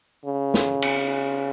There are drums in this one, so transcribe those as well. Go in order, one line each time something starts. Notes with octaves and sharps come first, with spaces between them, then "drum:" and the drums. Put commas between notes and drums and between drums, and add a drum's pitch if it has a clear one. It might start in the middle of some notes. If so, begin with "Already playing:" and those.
C#3
drum: snare
drum: cymbal